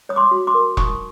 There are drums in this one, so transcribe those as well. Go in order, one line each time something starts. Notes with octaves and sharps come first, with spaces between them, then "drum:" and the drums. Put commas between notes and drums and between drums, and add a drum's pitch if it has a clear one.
C#5 D#6
C6 D6
F#4
C6 D6
A#4
D#4 C#6 D#6, drum: kick E1